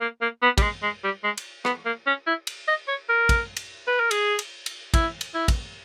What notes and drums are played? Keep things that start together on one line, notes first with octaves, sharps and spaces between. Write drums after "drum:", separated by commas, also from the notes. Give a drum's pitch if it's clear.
A#3
A#3
B3
G3, drum: kick, cymbal
G#3
G#3
G3
G#3
drum: cymbal
B3, drum: rim click
A#3
C#4
E4
drum: cymbal
D#5
C#5
A#4
drum: kick, cymbal
drum: cymbal
B4
A#4
G#4, drum: cymbal
drum: cymbal
drum: cymbal
E4, drum: kick, cymbal
drum: cymbal
E4
drum: kick, cymbal